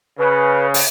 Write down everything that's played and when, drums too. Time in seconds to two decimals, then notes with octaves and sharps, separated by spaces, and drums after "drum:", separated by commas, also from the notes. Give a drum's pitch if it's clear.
0.19 C#3 B4
0.74 drum: open hi-hat